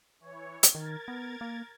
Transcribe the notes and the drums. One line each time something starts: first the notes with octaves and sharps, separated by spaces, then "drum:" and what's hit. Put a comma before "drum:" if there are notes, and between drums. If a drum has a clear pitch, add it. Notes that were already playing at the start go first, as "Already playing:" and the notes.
E3 C#5
drum: hi-hat
D#3 A#4 G#6 A6
B3
A#3